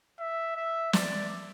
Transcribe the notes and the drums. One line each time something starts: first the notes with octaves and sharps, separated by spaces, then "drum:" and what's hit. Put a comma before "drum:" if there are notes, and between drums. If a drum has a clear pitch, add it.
E5
E5
D5, drum: snare